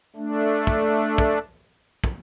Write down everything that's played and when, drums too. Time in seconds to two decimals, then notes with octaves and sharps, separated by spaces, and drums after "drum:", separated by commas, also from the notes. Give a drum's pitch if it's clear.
0.16 A3 D4
0.67 drum: kick
1.18 drum: kick
2.04 drum: kick